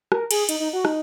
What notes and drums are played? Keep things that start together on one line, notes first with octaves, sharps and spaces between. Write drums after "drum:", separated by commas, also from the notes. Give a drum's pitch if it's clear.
A#4, drum: rim click
G#4, drum: cymbal
D#4, drum: cymbal
D#4
F#4
D#4, drum: rim click